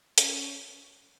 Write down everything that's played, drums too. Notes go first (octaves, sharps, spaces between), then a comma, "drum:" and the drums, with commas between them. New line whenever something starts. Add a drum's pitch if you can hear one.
C#4, drum: hi-hat